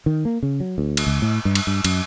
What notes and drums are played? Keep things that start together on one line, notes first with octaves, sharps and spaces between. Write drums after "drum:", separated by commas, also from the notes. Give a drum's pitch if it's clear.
D#3
A#3
C#3
F#3
D2
drum: cymbal
C#2
A2
G2
drum: cymbal
G2
F#2, drum: cymbal